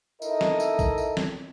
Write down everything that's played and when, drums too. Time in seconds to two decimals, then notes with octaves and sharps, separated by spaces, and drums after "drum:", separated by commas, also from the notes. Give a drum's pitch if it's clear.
0.22 D#4 E4 A4 A#4 D#5 E5, drum: tambourine
0.41 drum: snare
0.60 drum: tambourine
0.79 drum: kick A1, tambourine
0.98 drum: tambourine
1.17 drum: snare